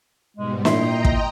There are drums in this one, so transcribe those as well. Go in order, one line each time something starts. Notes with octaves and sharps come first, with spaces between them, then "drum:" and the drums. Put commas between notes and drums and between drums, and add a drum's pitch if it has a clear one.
G#2 B2 G3 G#3
A#2 E4 D#5 G5 A#5 C6, drum: snare
drum: kick